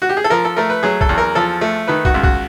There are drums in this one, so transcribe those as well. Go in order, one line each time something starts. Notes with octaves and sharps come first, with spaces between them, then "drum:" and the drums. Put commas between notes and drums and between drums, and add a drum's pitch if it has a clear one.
F#4
G4
G#4
A4
F3 A#4
A4
A3 A#4
B4
F#3 G#4
A4, drum: kick
E2
A#4
F3 A4
A3
D#3 B4
F#4, drum: kick
C#2
F#4, drum: kick